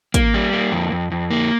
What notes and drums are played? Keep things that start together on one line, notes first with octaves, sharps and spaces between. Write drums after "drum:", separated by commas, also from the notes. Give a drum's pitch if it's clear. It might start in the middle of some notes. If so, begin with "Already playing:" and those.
A#3, drum: kick, hi-hat
G3
A#3
F2
F2
F2
A#3